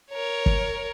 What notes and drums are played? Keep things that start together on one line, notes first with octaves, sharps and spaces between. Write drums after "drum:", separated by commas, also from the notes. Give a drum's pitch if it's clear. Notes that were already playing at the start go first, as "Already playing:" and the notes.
A#4 C#5
drum: kick